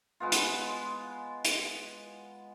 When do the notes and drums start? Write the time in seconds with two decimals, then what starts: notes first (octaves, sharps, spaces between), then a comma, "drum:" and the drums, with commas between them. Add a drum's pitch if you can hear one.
0.20 G#3 B3 F4
0.32 drum: hi-hat
1.45 drum: hi-hat